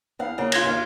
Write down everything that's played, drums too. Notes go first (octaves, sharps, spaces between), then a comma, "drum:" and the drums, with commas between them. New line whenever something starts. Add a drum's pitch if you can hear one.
E2 F5 F#5
C#3 A#3
F4 G#6 A#6, drum: cymbal
D#2 F5